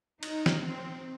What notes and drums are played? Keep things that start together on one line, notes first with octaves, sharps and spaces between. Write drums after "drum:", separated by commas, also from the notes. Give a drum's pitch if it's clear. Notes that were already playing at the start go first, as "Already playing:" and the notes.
D#4, drum: cymbal
drum: snare
C4